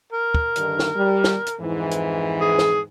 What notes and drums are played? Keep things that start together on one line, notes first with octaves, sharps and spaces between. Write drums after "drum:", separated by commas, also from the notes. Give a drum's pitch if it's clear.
A#4
drum: kick
G2 D3 D#3, drum: hi-hat
drum: snare
G3
drum: snare
drum: hi-hat
F2 G#2 E3
drum: hi-hat
G#4
drum: snare